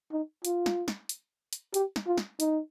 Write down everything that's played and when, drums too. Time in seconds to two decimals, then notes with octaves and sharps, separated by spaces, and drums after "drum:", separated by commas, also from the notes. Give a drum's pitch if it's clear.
0.11 D#4
0.45 F4, drum: hi-hat
0.66 drum: snare
0.88 drum: snare
1.09 drum: hi-hat
1.53 drum: hi-hat
1.74 G4, drum: hi-hat
1.96 drum: snare
2.06 F4
2.18 drum: snare
2.40 D#4, drum: hi-hat